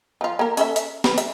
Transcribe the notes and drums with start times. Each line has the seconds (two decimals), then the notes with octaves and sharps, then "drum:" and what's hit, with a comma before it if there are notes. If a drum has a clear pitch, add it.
0.21 F3 F4
0.39 A#3 A#4
0.57 C#4 A4 E5, drum: hi-hat
0.76 E5, drum: hi-hat
1.04 B4, drum: snare B3
1.18 E5, drum: hi-hat